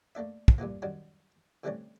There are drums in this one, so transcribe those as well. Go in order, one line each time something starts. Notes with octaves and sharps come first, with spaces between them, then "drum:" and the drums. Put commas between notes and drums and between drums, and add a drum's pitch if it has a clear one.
A3 A#3 D4 E5
drum: kick
G2 A#2 E3 A#3
F#2 D#3 F#3 G3
D3 E3 G3 A3 C4 C#4